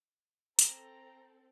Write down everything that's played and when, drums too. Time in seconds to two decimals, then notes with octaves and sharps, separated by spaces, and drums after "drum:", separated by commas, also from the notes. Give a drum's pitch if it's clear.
0.59 C4 A4 A#5, drum: hi-hat